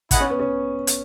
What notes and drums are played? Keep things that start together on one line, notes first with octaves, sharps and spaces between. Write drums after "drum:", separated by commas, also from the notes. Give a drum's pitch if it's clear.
B3 E4 G#4 D#5 F#5, drum: kick, hi-hat
C#4
B3
C#4
drum: hi-hat